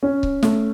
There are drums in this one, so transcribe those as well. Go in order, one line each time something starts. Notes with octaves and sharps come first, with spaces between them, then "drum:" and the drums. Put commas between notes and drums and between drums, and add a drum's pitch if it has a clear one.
C#4
drum: kick C#1
A3, drum: snare